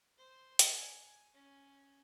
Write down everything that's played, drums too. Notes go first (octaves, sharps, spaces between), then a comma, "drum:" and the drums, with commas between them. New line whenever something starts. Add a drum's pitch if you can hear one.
C5
drum: hi-hat
G#5
C#4